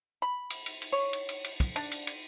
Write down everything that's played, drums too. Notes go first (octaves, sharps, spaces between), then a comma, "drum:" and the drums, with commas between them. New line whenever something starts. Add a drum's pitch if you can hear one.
B5
drum: cymbal
drum: cymbal
drum: cymbal
C#5
drum: cymbal
drum: cymbal
drum: cymbal
drum: kick, cymbal
D4, drum: cymbal
drum: cymbal
drum: cymbal